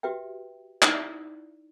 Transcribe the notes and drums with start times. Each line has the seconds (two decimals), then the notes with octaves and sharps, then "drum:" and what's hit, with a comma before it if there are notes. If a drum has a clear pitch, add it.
0.03 F#4 G4 B4 E5 G5
0.82 D#4 E4 D5, drum: clap